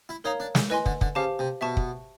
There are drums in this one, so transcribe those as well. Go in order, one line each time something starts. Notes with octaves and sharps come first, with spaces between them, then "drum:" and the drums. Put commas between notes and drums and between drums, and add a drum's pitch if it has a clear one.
E4
D#4 A#4 C#5 F5 A#5
D4
G#3, drum: snare
E3 B4 D#5 G#5 C6
D3, drum: kick
D3, drum: kick
C#3 G4 C5 F5 A5 D6
C3
B2 E5 A5 C#6
drum: kick